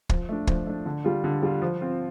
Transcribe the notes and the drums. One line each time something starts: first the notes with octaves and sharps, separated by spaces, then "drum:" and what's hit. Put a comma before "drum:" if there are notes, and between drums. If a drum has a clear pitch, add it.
F3, drum: kick
A3 D4
F3, drum: kick
A3 D4
D3
G3 F4
D3
G3 F4
F3
C4 F4